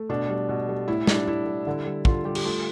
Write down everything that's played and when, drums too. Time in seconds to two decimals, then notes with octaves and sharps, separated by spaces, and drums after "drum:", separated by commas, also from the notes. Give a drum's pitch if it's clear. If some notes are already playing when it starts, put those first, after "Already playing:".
Already playing: A3
0.09 B2 D4
0.29 G3
0.49 B2
0.69 G3
0.88 A2 E4
1.07 G3 D4, drum: snare
1.27 A2 E4
1.46 G3
1.67 D3
1.86 G3
2.05 D3 F4, drum: kick
2.25 G3 G4
2.35 G4, drum: cymbal
2.45 A3 F4